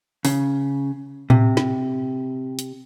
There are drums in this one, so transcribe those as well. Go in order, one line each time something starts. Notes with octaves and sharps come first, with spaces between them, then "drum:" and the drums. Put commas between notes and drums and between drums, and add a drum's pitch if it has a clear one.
C#3, drum: open hi-hat
C3, drum: tom A2
drum: snare
drum: hi-hat